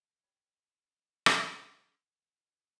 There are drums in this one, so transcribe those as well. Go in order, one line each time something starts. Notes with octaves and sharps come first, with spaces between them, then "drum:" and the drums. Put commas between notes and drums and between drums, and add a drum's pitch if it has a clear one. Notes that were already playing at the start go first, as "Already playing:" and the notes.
C#5 G5 B5
drum: rim click